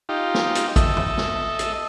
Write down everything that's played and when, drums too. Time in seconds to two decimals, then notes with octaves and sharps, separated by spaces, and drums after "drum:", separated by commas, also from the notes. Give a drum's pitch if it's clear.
0.09 D#4 F4 G4
0.34 drum: snare
0.55 drum: hi-hat
0.76 A4 D#5 E5, drum: kick A1, hi-hat
0.97 drum: tom
1.17 drum: snare
1.59 drum: hi-hat